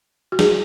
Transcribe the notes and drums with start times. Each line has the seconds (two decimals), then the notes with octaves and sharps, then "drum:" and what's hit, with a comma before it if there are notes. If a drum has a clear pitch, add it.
0.32 F#4
0.39 G#4, drum: snare